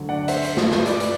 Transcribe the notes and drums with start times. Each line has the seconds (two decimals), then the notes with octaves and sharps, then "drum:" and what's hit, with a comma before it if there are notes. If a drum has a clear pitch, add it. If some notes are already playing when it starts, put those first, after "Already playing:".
Already playing: D2 D3 F#3
0.09 D5 F#5
0.28 C5 E5, drum: hi-hat
0.43 drum: hi-hat
0.57 drum: snare
0.71 drum: snare
0.86 B4 D5, drum: hi-hat
1.00 drum: hi-hat